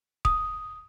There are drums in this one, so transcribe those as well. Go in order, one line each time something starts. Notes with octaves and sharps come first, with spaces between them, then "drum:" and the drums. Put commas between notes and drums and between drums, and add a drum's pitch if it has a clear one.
D#6, drum: kick